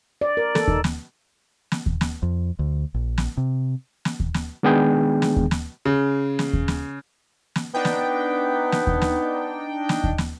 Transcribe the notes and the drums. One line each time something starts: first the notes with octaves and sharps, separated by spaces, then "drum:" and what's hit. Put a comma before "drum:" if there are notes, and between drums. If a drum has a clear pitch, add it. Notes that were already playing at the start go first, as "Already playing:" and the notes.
D5
A#4
A4, drum: snare
D#4, drum: kick D#2
drum: snare
drum: snare
drum: kick D#2
drum: snare
F2
D2
A#1
drum: snare
C3
drum: snare
drum: kick D#2
drum: snare
D#3 G#3 B3 D4 G#4 G5
drum: snare
drum: kick D#2
drum: snare
C#3
drum: snare
drum: kick D#2
drum: snare
drum: snare
B3 D4 D#4 G5
drum: snare
drum: snare
drum: kick D#2
drum: snare
drum: snare
drum: kick D#2
drum: snare